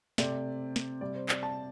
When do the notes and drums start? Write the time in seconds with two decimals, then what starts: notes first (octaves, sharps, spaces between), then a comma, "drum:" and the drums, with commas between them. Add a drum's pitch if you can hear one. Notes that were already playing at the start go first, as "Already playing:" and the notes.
0.18 C3 A3 D5, drum: snare
0.76 drum: snare
1.01 C3 G3 D5
1.15 C5
1.29 D5, drum: clap
1.43 A5